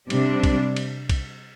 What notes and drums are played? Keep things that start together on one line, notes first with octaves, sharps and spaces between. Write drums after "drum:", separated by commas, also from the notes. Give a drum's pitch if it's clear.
C3 G3 D4, drum: cymbal
drum: kick B1, cymbal
drum: cymbal
drum: kick B1, cymbal